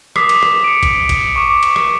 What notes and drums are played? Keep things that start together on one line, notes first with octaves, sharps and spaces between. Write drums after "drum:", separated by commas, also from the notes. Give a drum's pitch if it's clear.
D6 D#6 B6 C7, drum: rim click
drum: cymbal
drum: rim click
C#7 D7
drum: kick, cymbal
drum: kick, cymbal
C#6 D6
drum: cymbal
drum: rim click